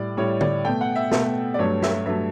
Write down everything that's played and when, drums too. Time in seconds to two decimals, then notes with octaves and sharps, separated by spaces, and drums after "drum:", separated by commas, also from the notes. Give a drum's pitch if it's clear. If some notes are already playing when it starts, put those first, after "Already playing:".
Already playing: A2 G3 D5
0.17 A2 G3 C#5
0.41 D5, drum: tom D3
0.65 B2 A3 G5
0.81 F#5
0.95 E5
1.11 B2 A3 E5, drum: snare
1.54 D5
1.58 G2 F#3 A3 C#5
1.82 E5, drum: snare
2.05 G2 F#3 A3 E5